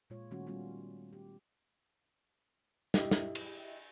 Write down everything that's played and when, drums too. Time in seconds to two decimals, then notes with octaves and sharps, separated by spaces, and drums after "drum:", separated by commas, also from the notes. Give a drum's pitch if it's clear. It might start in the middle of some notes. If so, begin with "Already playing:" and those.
0.10 A#2 G#3 F4 C#5
0.31 D#3 G3 A3 C#4 F#4
0.47 G3 B3 C#4 F4 F#4
1.13 G4
2.94 E4 G4 D#5 E5, drum: snare
3.11 drum: snare
3.35 drum: cymbal